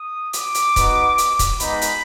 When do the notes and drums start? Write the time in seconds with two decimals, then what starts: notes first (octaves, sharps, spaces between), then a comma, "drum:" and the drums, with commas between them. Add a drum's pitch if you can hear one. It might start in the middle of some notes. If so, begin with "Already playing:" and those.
Already playing: D#6
0.33 D6, drum: hi-hat
0.55 drum: hi-hat
0.76 B3 D#4 F#4, drum: kick C#1, hi-hat
1.18 drum: hi-hat
1.39 drum: kick C#1, hi-hat
1.60 G#3 B3 D#4 B5, drum: hi-hat
1.82 drum: hi-hat